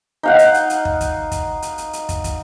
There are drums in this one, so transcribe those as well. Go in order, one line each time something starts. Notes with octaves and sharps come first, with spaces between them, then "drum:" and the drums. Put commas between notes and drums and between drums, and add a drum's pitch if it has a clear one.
D#4 F5 F#5
drum: hi-hat
drum: hi-hat
drum: hi-hat
drum: kick
drum: kick, hi-hat
drum: kick, hi-hat
drum: hi-hat
drum: hi-hat
drum: hi-hat
drum: kick, hi-hat
drum: kick, hi-hat